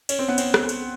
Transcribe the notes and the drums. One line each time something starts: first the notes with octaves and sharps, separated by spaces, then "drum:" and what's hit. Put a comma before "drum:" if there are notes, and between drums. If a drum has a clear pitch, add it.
C#4, drum: cymbal
C4
B3
C4, drum: cymbal
drum: rim click
drum: cymbal